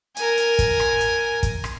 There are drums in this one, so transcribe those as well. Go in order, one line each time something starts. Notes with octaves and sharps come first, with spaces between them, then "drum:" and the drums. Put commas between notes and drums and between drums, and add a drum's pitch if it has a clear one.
A#4 G#5, drum: hi-hat
drum: hi-hat
drum: kick, hi-hat
drum: rim click
drum: hi-hat
drum: kick, hi-hat
drum: rim click